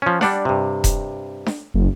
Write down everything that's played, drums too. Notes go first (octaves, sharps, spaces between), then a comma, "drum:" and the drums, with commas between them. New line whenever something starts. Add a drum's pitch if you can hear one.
F3 C#4
G3 D4 F#5, drum: snare D4
G2 C3
drum: kick E1, hi-hat
drum: snare D4
F#1